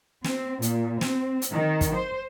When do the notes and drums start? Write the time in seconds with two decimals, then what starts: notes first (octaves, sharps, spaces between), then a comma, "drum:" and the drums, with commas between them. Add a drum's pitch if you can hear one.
0.24 C4, drum: snare
0.62 A#2, drum: hi-hat
1.01 C4, drum: snare
1.42 drum: hi-hat
1.52 D#3
1.81 drum: kick, hi-hat
1.95 C5